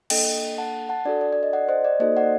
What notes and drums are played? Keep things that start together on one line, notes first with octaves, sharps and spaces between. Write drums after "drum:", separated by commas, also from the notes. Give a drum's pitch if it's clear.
A#3 D4 A4 D#5 G5, drum: cymbal
F#5 A5
F#5 A5
D4 F#4 A4 D5
D5
D5
D#5
D5 F#5
C5 D#5
D5
A#3 D#4 F#4 A4 C5 D#5
D5 F#5